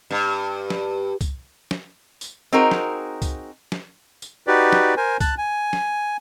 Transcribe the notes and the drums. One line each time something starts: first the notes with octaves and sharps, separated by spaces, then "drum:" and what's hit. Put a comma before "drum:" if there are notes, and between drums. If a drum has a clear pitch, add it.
G2
drum: snare
drum: kick, tambourine
drum: snare
drum: tambourine
C4 D#4 F#4 G#4 A#4
drum: snare
drum: kick, tambourine
drum: snare
drum: tambourine
D#4 F#4 G4 B4 D5
drum: snare
A#4 C5 G#5
A5 F#6, drum: kick, tambourine
G#5
drum: snare